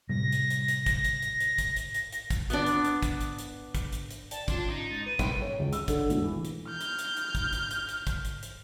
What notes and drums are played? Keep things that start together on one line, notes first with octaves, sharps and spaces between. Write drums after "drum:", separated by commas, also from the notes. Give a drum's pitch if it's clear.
A2 C3 G3 A#6
drum: hi-hat
drum: hi-hat
drum: hi-hat
drum: kick, hi-hat
drum: hi-hat
drum: hi-hat
drum: hi-hat
drum: kick, hi-hat
drum: hi-hat
drum: hi-hat
drum: hi-hat
drum: kick, hi-hat
B3 D4, drum: hi-hat
drum: hi-hat
drum: hi-hat
drum: kick, hi-hat
drum: hi-hat
drum: hi-hat
drum: kick, hi-hat
drum: hi-hat
drum: hi-hat
D5 G5 A5, drum: hi-hat
C#4 D4 F4 C6, drum: kick, hi-hat
D#4
G#3 A6 C#7
B4 D#7
C2 G5 G#5, drum: kick, hi-hat
C#5
C#2
E6, drum: hi-hat
D3, drum: kick, hi-hat
E1, drum: hi-hat
E3
drum: hi-hat
F6 G6
drum: hi-hat
drum: hi-hat
drum: hi-hat
drum: kick, hi-hat
drum: hi-hat
drum: hi-hat
drum: hi-hat
drum: kick, hi-hat
drum: hi-hat
drum: hi-hat